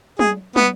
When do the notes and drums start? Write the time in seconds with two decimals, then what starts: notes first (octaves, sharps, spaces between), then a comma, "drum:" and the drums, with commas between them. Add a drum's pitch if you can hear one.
0.19 G#4, drum: tom
0.56 B3, drum: tom